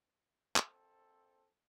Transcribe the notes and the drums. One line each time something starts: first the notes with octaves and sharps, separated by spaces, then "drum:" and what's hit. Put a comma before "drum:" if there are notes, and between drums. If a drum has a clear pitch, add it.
A#1 C4 A4, drum: clap